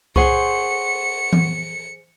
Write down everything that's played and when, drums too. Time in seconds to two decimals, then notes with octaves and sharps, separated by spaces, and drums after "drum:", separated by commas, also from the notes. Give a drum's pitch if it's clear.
0.16 G#4 C5 F#5 C6 C#6 C#7, drum: kick C2
1.33 drum: tom E3